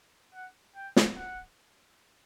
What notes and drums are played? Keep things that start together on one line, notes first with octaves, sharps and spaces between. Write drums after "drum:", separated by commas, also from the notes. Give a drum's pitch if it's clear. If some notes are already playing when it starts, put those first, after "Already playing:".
F#5
G5
drum: snare
F#5